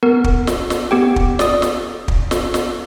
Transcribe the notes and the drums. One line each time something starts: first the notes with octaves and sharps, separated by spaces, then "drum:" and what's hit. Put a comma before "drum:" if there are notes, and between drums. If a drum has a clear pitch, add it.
B3 A#4
drum: kick
drum: snare
drum: snare
B3 G4 G5
drum: kick
D5 D#6, drum: snare
drum: snare
drum: kick
drum: snare
drum: snare